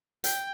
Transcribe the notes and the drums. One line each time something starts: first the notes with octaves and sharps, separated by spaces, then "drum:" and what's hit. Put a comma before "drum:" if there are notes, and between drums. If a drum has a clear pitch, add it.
G5, drum: hi-hat